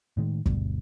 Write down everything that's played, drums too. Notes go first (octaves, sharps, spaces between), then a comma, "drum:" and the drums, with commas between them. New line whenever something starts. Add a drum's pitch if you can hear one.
A2 D#3 G#3
D2 G2 B2, drum: kick